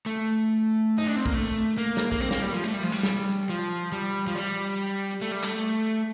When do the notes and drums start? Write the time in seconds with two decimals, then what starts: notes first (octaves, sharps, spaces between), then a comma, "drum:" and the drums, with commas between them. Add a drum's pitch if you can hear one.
0.06 A3, drum: hi-hat
0.98 D#4
1.07 D4
1.16 C4
1.26 A#3, drum: kick
1.35 A3
1.78 A#3
1.97 drum: snare
2.12 A#3, drum: kick
2.21 C4
2.31 A#3, drum: snare
2.42 G3
2.53 F3
2.64 A3
2.74 G3
2.83 F3, drum: cymbal
2.92 G3
3.03 drum: snare
3.49 F3
3.92 G3
4.27 F3
4.35 G3
5.11 drum: hi-hat
5.21 A3
5.32 G3
5.43 A3, drum: clap